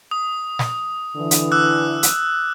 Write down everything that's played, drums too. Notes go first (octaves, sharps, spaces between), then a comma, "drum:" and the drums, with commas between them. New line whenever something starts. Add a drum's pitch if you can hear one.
D#6
drum: snare
D3 E3
drum: hi-hat
D6 E6 F#6
drum: hi-hat